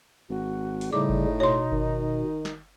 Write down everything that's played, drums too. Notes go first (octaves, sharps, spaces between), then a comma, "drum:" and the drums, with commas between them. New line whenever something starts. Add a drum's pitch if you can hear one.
G#1 F#4
drum: open hi-hat
A2 C#3 G3 D#4 D6
drum: kick G1
B2 C#5 C6
D#3, drum: kick G1
drum: snare